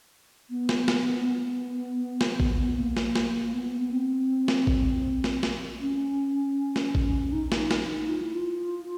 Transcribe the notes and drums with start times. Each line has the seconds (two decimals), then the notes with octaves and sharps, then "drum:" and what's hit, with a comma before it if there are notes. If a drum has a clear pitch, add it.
0.50 B3
0.69 drum: snare
0.88 drum: snare
1.26 B3
2.21 drum: snare
2.40 drum: kick A1
2.77 A#3
2.97 drum: snare
3.16 drum: snare
3.53 B3
3.81 B3
3.92 C4
4.48 drum: snare
4.67 drum: kick A1
5.24 drum: snare
5.43 drum: snare
5.81 C#4
6.76 drum: snare
6.95 drum: kick A1
7.33 D#4
7.52 drum: snare
7.71 D#4, drum: snare
8.09 F4
8.22 E4
8.35 F4